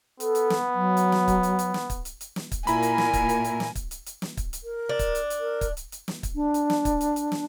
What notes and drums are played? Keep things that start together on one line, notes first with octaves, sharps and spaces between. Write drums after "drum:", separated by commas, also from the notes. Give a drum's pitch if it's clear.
B3 A4, drum: hi-hat
drum: hi-hat
drum: snare
F#3
drum: hi-hat
drum: snare
drum: kick, hi-hat
drum: hi-hat
drum: hi-hat
drum: snare
drum: kick, hi-hat
drum: hi-hat
drum: hi-hat
drum: snare
drum: kick, hi-hat
A#2 E4 A#4 G#5 A#5 B5, drum: hi-hat
drum: hi-hat
drum: snare
drum: kick, hi-hat
drum: hi-hat
drum: hi-hat
drum: snare
drum: kick, hi-hat
drum: hi-hat
drum: hi-hat
drum: snare
drum: kick, hi-hat
drum: hi-hat
A#4
D4
drum: kick, hi-hat
drum: hi-hat
drum: hi-hat
A#4
drum: kick, hi-hat
drum: hi-hat
drum: hi-hat
drum: snare
drum: kick, hi-hat
D4
drum: hi-hat
drum: snare
drum: kick, hi-hat
drum: hi-hat
drum: hi-hat
drum: snare